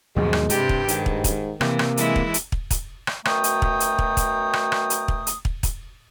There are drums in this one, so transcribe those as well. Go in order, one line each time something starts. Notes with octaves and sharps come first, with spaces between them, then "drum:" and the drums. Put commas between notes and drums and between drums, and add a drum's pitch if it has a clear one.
D#2 G#2 B2 F3 F#3 G#3
drum: rim click
G2 C3 G3 G4, drum: hi-hat
drum: kick
G#2 D#3, drum: hi-hat
drum: kick
drum: kick, hi-hat
C3 E3 A#3, drum: rim click
drum: rim click
E3 G#3 E4, drum: hi-hat
drum: kick
drum: hi-hat
drum: kick
drum: kick, hi-hat
drum: rim click
F#2 B2 A3 G5 A#5 D#6, drum: rim click
drum: hi-hat
drum: kick
drum: hi-hat
drum: kick
drum: kick, hi-hat
drum: rim click
drum: rim click
drum: hi-hat
drum: kick
drum: hi-hat
drum: kick
drum: kick, hi-hat